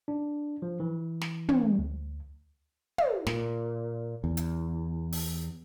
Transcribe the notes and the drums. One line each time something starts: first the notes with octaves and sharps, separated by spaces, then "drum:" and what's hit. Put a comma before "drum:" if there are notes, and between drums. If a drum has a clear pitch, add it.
D4
F3
E3
drum: snare
drum: tom
D2
drum: tom
A#2, drum: snare
E2
drum: hi-hat
drum: open hi-hat